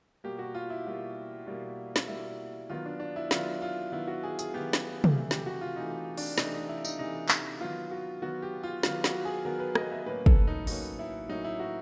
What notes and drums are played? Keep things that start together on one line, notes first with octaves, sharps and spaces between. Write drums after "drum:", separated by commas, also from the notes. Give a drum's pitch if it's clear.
B2 G3 A#3 G4
F#4
F4
E4
B2 G3 A#3
B2 G3 A#3
drum: snare
B2 G3 A#3 E4
D#3 F#3 B3 F4
D4
D4
E4
D#3 F#3 B3 F4, drum: snare
F4
D#3 F#3 B3 E4
F#4
G#4
G#4, drum: hi-hat
D#3 F#3 B3 G4
drum: snare
drum: tom
C3 E3 A3
G4, drum: snare
F#4
F4
C3 E3 A3 D#4
D4, drum: open hi-hat
C3 E3 A3 D#4, drum: snare
D#4
E4
D#4, drum: tambourine
C3 E3 A3 D#4
drum: clap
D#3 F#3 B3 F4
F#4
D#3 F#3 B3 F#4
G4
F4
D#3 F#3 B3 F4, drum: snare
F#4, drum: snare
G#4
D#3 F#3 B3 A#4
B4
D#5, drum: rim click
E5
A2 F#3 A#3 C#4 B4
A4, drum: kick
D#4
A2 F#3 A#3 C#4 D#4, drum: open hi-hat
E4
A2 F#3 A#3 C#4 D#4
E4
F#4